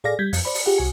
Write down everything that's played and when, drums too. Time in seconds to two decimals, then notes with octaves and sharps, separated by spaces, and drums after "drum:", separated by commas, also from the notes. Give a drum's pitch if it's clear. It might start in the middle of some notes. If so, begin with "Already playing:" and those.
0.04 A2 G#4 A4 D5 F5 A#6
0.19 G3 G6 G#6 B6
0.33 F2, drum: open hi-hat
0.45 C5 D5 B5
0.54 drum: open hi-hat
0.66 F4 G4 G#4 F#5
0.78 C2 F#4 G#5